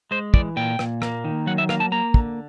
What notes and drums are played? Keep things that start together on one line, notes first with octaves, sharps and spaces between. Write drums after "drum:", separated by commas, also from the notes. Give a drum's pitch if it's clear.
G#3 C5
E3 D5, drum: kick
A#2 G5
A#2, drum: rim click
A#3, drum: rim click
D#3
F#3 F#5
E5
A#3 F5, drum: rim click
A5
A#3 A#5
D3, drum: kick